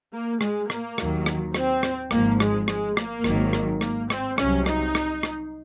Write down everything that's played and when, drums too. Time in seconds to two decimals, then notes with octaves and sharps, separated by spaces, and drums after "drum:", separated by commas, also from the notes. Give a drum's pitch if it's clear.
0.13 A#3
0.41 G#3, drum: rim click
0.70 A#3, drum: rim click
0.98 D#2 D#3 F#3, drum: rim click
1.26 drum: rim click
1.54 C4, drum: rim click
1.83 drum: rim click
2.11 G#1 G#2 F3 A#3, drum: rim click
2.40 G#3, drum: rim click
2.68 G#3, drum: rim click
2.97 A#3, drum: rim click
3.24 G#1 G#2 D#3 F#3, drum: rim click
3.53 drum: rim click
3.81 A#3, drum: rim click
4.10 C4, drum: rim click
4.38 C2 C3 F#3 C#4, drum: rim click
4.66 D#4, drum: rim click
4.95 drum: rim click
5.23 drum: rim click